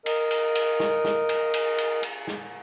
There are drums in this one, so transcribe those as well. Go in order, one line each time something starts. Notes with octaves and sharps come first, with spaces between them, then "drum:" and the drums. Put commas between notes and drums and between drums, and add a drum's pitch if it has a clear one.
A#4 D#5, drum: cymbal
drum: cymbal
drum: cymbal
drum: snare
drum: snare
drum: cymbal
drum: cymbal
drum: cymbal
drum: cymbal
drum: snare